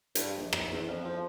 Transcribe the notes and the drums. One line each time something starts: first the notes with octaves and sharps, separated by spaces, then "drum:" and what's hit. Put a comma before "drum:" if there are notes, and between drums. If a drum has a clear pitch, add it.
G2, drum: hi-hat
A#1
drum: rim click
E2
F2
F3